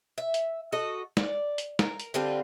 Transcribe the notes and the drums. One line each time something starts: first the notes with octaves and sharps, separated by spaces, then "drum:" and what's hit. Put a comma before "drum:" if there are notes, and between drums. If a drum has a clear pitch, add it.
E5
drum: hi-hat
F#4 A4 D#5
D5, drum: snare
drum: hi-hat
A#4, drum: snare
drum: hi-hat
D3 G3 C4 F4